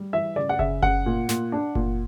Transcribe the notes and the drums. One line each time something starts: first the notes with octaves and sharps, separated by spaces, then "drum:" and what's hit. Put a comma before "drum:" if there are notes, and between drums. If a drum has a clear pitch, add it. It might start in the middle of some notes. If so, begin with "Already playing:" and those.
Already playing: G3
E3 E5
C#3 D5
F#5
C#3 E5, drum: kick F#1
C#3 F#5, drum: kick F#1
A#2
A#2, drum: snare
D4
A#2, drum: kick F#1